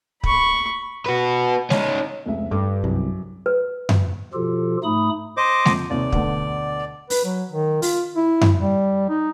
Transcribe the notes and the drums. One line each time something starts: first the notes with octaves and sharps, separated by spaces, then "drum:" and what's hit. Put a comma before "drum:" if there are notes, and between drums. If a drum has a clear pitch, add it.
B5 C#6, drum: kick
F#4 B4
C#4 D#4, drum: snare G#3
F1 C#2 E5
G2 A4 D6
C2 F#2
B4
drum: tom F#2
B2 F3 F4 G4 A4
G#2 A3 D#4 B5 D#6
C5 D#5 D6
F2, drum: snare G#3
D#2 C3 D5
D2 B2 D3, drum: kick
B4, drum: open hi-hat
F#3
D#3
F4, drum: open hi-hat
E4
drum: tom F#2
G3
D#4